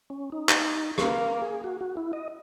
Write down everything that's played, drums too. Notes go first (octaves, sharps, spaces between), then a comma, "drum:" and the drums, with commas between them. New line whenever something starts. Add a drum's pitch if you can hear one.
C#4
D#4
drum: clap
A#3 B4, drum: rim click
A#4
G#4
F#4
F#4
E4
D#5